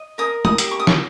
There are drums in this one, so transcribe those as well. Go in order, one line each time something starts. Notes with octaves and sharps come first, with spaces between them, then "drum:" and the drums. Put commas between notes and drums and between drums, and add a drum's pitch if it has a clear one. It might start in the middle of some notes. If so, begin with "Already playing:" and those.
Already playing: D#5
A#4 D#6
D#6, drum: tom
G4, drum: hi-hat
C#6
D#6
C#6, drum: snare